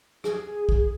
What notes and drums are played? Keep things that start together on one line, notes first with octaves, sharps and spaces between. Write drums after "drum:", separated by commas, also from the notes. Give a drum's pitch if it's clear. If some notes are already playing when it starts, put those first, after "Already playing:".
G#4, drum: rim click
drum: kick